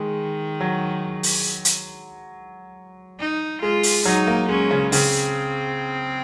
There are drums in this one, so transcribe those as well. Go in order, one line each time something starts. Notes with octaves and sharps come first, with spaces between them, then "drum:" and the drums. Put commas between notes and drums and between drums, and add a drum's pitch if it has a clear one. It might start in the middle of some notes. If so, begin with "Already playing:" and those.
Already playing: D#3 G#3
F#3
drum: open hi-hat
drum: hi-hat
D#4
G#3 F4
drum: open hi-hat
F#3 D#4
A#3
G#3 C#4
C#3
C#3 C4, drum: open hi-hat